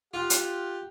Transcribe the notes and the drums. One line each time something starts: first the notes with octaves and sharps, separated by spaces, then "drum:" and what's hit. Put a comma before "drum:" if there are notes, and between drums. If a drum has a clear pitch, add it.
F4 G4 F#5
drum: hi-hat